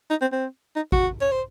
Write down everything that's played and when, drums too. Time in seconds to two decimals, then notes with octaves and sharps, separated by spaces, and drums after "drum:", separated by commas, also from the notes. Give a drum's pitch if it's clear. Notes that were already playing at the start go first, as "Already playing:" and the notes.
0.10 D#4
0.21 C4
0.32 C4
0.76 D#4
0.92 F#4, drum: kick G#1
1.21 C#5
1.31 C5